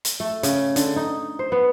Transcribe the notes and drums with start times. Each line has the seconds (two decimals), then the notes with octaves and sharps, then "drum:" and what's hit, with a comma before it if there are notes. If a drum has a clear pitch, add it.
0.05 drum: hi-hat
0.20 A3
0.43 C#3, drum: hi-hat
0.76 D3, drum: hi-hat
0.96 D#4
1.39 C5
1.52 B3